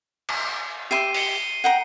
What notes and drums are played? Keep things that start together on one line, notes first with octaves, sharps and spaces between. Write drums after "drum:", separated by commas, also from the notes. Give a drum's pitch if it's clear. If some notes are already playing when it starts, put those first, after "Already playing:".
drum: cymbal
G4 E5 C6 C7 D#7
C7 C#7 G7, drum: open hi-hat
F#5 G5 A#5